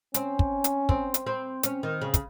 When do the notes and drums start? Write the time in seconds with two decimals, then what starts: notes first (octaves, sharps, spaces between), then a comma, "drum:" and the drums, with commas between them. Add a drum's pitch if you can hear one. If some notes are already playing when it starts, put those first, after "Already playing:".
0.14 C4 C#4, drum: hi-hat
0.39 drum: kick
0.64 drum: hi-hat
0.89 C4, drum: kick
1.14 drum: hi-hat
1.26 C4
1.63 C4 C#4, drum: hi-hat
1.83 D#3
2.01 C#3
2.14 drum: kick, hi-hat